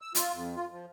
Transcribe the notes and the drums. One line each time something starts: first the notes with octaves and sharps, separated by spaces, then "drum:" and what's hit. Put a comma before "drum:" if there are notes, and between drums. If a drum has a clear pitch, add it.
E6
F4, drum: hi-hat
F2
F4
F3